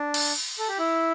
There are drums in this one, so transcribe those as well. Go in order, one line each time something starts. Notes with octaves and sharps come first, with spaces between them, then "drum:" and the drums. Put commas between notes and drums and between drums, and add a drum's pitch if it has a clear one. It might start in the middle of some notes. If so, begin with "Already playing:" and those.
Already playing: D4
drum: cymbal
A4
G4
E4